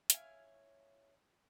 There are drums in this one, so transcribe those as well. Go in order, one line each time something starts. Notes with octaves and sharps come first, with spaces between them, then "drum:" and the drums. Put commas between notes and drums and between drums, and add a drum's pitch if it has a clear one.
E4 C#5 F5 G#5, drum: hi-hat